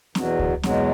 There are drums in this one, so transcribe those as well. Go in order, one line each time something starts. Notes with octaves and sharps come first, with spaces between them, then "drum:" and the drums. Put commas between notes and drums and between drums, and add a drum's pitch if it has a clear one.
E2 B2 F#3, drum: snare C4
drum: kick C#2
E2 B2 F#3 G#3, drum: snare C4